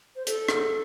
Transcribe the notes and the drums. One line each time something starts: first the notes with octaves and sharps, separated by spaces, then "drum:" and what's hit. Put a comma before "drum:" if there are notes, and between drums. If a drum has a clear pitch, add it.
C5
A4, drum: hi-hat
drum: rim click